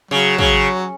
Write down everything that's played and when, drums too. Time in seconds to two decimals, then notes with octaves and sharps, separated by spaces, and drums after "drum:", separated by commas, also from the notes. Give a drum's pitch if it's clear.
0.11 C#3 F#3
0.39 C#3, drum: kick